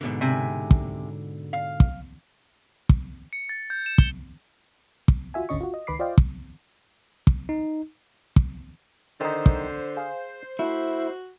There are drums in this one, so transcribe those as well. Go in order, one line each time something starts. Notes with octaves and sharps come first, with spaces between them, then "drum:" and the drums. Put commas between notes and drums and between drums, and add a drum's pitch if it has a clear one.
G#2 B2 D3
C3 G#5
drum: kick
F5
drum: kick
drum: kick
C#7
A6
G6
E7
G7, drum: kick
drum: kick
F4 F#4 E5 G#5
G#1 D2 D3 C#4 D#5 C#6
F4 F#4
D#5
C#2 D#3 B4 B5 D6 C7
F4 C5 D5 D#5 F5 G5
drum: kick
drum: kick
D#4
drum: kick
D3 D#3 D#4 C5
drum: kick
G#4 F5
A3 E4 F#4